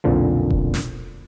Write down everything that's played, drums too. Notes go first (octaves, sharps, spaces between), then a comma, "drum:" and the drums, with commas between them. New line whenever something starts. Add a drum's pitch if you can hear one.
B1 F2 A#2 D3 F3
drum: kick E1
drum: snare